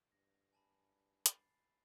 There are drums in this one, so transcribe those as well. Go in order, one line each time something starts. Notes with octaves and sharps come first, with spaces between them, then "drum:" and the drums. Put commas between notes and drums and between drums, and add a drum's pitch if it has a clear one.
G2 A#6
G#5 A5 B5
B5 A6 C7, drum: hi-hat